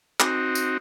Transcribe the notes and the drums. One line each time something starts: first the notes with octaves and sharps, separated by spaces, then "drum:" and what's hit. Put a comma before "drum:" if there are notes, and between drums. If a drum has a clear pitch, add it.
C4 D#4 F#4, drum: clap
drum: tambourine